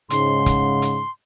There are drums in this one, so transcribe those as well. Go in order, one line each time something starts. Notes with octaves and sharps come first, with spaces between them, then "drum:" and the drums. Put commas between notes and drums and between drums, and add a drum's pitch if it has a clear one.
G#2 C#3 C6, drum: hi-hat
drum: kick, hi-hat
drum: hi-hat